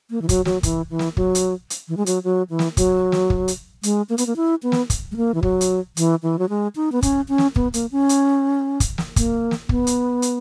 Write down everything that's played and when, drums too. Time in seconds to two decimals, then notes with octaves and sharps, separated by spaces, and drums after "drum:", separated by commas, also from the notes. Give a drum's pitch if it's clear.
0.10 A#3
0.22 E3
0.29 F#3, drum: kick, hi-hat
0.45 F#3, drum: snare
0.63 E3, drum: kick, hi-hat
0.90 E3
0.99 drum: snare
1.17 F#3, drum: kick
1.35 drum: hi-hat
1.70 drum: hi-hat
1.88 E3
1.97 G#3
2.06 F#3, drum: hi-hat
2.24 F#3
2.50 E3
2.59 drum: snare
2.77 F#3, drum: kick, hi-hat
3.12 drum: snare
3.30 drum: kick
3.48 drum: hi-hat
3.83 G#3, drum: hi-hat
4.09 A#3
4.18 B3, drum: hi-hat
4.27 A#3
4.36 E4
4.63 B3
4.72 drum: snare
4.90 drum: kick, hi-hat
5.11 G#3
5.17 A#3
5.34 E3
5.43 F#3, drum: kick
5.61 drum: hi-hat
5.97 E3, drum: hi-hat
6.23 E3
6.39 F#3
6.49 G#3
6.76 D#4
6.92 B3
7.02 C#4, drum: kick, hi-hat
7.29 C#4
7.38 drum: snare
7.56 B3, drum: kick
7.74 A#3, drum: hi-hat
7.92 C#4
8.09 drum: hi-hat
8.80 drum: kick, hi-hat
8.98 drum: snare
9.16 A#3, drum: kick, hi-hat
9.51 drum: snare
9.69 B3, drum: kick
9.87 drum: hi-hat
10.22 drum: hi-hat